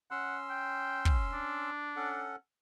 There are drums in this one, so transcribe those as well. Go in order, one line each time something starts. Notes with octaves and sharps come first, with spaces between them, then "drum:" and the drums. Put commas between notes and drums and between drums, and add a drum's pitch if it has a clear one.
C#4 F#5 C6 E6
G5
drum: kick
D4
C#4 A4 F#5